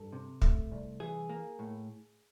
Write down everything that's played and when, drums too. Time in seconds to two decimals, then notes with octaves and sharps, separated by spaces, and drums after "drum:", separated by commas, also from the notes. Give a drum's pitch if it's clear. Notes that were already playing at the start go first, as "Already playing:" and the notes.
Already playing: G2 A4
0.12 C3
0.42 A3, drum: kick
0.72 C2
1.00 E3 G#4
1.29 A#3
1.59 A2